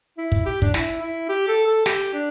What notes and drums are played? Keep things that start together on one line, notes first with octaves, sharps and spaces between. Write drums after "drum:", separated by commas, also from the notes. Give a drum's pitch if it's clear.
E4
drum: kick
G4
D4, drum: kick
E4, drum: snare
E4
G4
A4
A4
G4, drum: snare
D4